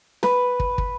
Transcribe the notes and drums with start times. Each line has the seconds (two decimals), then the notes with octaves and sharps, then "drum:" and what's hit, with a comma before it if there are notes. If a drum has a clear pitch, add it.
0.23 B4, drum: snare
0.60 drum: kick
0.78 drum: kick